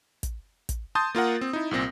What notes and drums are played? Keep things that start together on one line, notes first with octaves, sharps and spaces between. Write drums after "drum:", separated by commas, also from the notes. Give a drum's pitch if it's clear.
drum: kick, hi-hat
drum: kick, hi-hat
A5 C6 D#6 G6 A6
A#3 F4 A#4 F#5
C4
D#4 E4
C2 A#2 C4 A#6